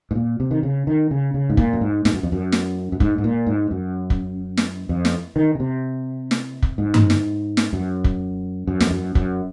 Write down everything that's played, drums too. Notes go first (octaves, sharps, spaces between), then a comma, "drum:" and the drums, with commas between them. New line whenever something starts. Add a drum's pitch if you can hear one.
G#2
A#2
C3
D#3
C#3
D#3
C#3
C#3
G#2
A#2, drum: kick
F#2
G#2
G#2, drum: snare
F#2
F2
F#2
drum: snare
F#2
G#2, drum: kick
G#2
A#2
G#2
F#2
drum: kick
drum: snare
F2
drum: snare
D#3
C#3
C3
drum: snare
drum: kick
G#2
drum: tom G2
drum: snare
drum: snare
F#2
drum: kick
F#2
F2, drum: snare
F#2
F#2, drum: kick